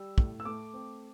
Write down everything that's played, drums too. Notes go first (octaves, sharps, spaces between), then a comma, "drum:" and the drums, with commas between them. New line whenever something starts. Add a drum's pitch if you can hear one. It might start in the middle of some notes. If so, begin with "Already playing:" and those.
Already playing: G3 E6
A2, drum: kick
E6
A3 D6
C4